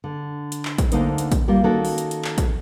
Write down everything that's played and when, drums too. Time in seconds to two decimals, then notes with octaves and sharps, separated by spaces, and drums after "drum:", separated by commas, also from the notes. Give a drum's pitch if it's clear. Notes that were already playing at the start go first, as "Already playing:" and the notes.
0.04 D3
0.52 drum: hi-hat
0.65 drum: clap
0.78 drum: kick, hi-hat
0.92 D2 D3 A#3 D#4 C5, drum: hi-hat
1.18 drum: hi-hat
1.32 drum: kick, hi-hat
1.48 G3 A#3 F4
1.64 D#3 A#3 C#4 F#4 A4
1.85 drum: open hi-hat
1.98 drum: hi-hat
2.11 drum: hi-hat
2.24 drum: clap
2.38 drum: kick, hi-hat